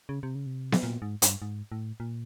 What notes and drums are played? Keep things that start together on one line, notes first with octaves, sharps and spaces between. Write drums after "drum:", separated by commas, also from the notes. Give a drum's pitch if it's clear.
C#3
C3
C#3
C3
drum: snare B3
A#2
G#2
G2, drum: hi-hat
G#2
A2
A#2